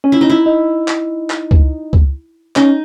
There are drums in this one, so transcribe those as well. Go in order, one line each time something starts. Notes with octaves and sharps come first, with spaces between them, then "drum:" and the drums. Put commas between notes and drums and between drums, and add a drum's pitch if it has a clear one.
C#4
E4
D#4
E4
D#4
drum: clap
drum: clap
drum: kick C#2
drum: kick C#2
C#4 D#4, drum: clap